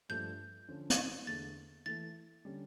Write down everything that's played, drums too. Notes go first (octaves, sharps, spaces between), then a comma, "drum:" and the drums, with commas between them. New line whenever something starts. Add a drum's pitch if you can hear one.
G2 F3 A3 D4 G4 G6
D3 F3 C#4
drum: hi-hat
E2 D3 A3 A6
E3 A3 E4 A6
D3 G3 C#4